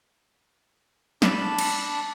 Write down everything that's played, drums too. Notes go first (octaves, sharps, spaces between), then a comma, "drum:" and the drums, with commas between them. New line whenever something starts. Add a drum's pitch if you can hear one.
D4 A5 B5, drum: snare
drum: cymbal